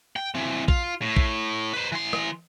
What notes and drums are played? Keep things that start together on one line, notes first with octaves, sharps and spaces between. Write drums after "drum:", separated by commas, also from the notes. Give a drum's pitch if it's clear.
G5
E3 C4
F4, drum: kick A#1
A2
drum: kick A#1
B4 C5
E3 C6
drum: rim click